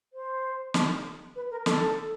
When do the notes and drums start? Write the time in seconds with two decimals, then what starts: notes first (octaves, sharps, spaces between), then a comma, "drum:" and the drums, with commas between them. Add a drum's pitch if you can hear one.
0.13 C5
0.74 drum: snare
1.36 B4
1.51 A#4
1.66 A4, drum: snare